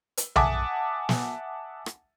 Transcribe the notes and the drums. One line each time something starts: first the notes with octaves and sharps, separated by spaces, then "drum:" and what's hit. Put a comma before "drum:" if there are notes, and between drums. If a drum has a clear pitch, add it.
drum: hi-hat
E5 F#5 G#5 A5 D6 D#6, drum: tom B1
drum: snare
drum: rim click